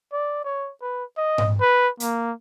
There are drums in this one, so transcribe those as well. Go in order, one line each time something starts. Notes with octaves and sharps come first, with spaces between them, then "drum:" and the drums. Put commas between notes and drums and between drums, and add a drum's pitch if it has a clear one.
D5
C#5
B4
D#5
drum: tom G#2
B4
A#3, drum: hi-hat